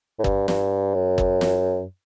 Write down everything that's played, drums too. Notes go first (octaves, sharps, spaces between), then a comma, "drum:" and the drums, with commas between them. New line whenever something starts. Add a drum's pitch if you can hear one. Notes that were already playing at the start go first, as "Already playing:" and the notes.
A2
G2, drum: kick
G2, drum: snare
F#2
drum: kick
drum: snare